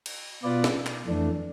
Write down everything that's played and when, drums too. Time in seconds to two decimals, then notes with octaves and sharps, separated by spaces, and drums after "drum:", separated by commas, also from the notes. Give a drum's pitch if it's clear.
0.06 drum: cymbal
0.43 B2 B3 F4 B4 D5
0.64 drum: snare
0.86 drum: clap
1.07 F2 E3 A3 D4